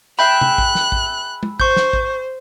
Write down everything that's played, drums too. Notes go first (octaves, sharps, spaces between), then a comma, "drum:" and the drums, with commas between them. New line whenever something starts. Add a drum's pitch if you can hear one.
G#4 E5 G5 B5 F#6
drum: tom
drum: kick A1
drum: snare
drum: kick A1
drum: tom
C5 C#6 G6, drum: kick A1
drum: snare
drum: kick A1